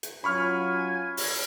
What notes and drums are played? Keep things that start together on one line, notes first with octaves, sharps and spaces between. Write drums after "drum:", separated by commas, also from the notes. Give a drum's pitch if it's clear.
drum: hi-hat
F#3 C#4 F4 G#5 B5 C#6 F6
drum: open hi-hat